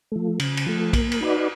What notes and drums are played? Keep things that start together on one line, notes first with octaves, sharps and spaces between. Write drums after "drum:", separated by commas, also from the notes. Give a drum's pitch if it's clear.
F3 A3
C#3, drum: cymbal
drum: cymbal
F3 A3
A#3, drum: kick, cymbal
drum: cymbal
D#4 F#4 B4 D5